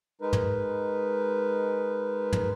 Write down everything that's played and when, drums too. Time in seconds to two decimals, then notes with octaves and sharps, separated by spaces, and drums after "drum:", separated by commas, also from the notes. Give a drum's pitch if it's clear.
0.21 G#3 D#4 A#4 B4
0.33 drum: tom
2.33 drum: tom